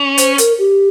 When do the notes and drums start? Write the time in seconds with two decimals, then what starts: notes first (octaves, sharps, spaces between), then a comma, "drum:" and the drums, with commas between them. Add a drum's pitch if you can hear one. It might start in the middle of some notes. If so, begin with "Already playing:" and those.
Already playing: C#4
0.18 C5, drum: hi-hat
0.38 A#4, drum: hi-hat
0.59 G4